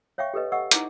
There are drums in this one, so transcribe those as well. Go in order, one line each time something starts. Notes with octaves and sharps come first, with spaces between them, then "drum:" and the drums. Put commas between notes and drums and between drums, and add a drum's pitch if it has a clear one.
C#5 E5 F5 G5 C#6
G4 A4 B4 D#5
D#5 F#5 C#6 E6
D#4 E4 A#5 D6, drum: hi-hat